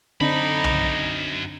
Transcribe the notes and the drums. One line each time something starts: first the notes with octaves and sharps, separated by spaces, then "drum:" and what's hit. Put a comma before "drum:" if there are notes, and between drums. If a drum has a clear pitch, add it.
F#2 D3 C4 D4 D#4 B5
drum: tom